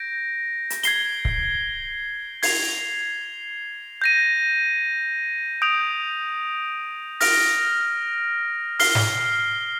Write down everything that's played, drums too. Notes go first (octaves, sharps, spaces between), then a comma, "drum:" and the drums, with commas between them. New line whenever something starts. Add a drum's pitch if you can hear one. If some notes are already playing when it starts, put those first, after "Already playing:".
Already playing: G6 A#6 D7
drum: hi-hat
G#6 C7 G7, drum: hi-hat
drum: kick C#1
G#6 C7 F7, drum: open hi-hat
G6 A#6 D#7
D#6 G6 D7 F7
F6 A#6 D7 F7, drum: open hi-hat
F6 C7 G7, drum: open hi-hat
drum: snare